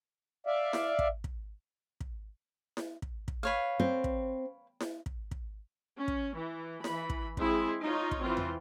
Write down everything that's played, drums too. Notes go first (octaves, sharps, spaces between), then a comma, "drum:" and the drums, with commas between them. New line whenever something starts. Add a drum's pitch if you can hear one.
D5 E5 F5
drum: snare E4
drum: kick
drum: kick
drum: kick
drum: snare E4
drum: kick
drum: kick
B4 C#5 F5
C4
drum: kick
drum: snare E4
drum: kick
drum: kick
C#4
drum: kick
E3
E3 B5, drum: snare E4
drum: kick
G#3 C4 E4 G#4, drum: kick
D#4 F4 C#5
drum: kick
E3 C4 F4
drum: tom E2